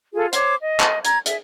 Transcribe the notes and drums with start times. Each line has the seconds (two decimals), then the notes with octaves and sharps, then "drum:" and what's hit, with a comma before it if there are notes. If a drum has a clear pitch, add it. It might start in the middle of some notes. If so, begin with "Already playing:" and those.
0.14 F4 G#4 A4 F5
0.33 C5 C#5 D6, drum: hi-hat
0.61 D#5
0.80 drum: clap
1.05 A#5 G#6, drum: hi-hat
1.26 G#4 E5, drum: hi-hat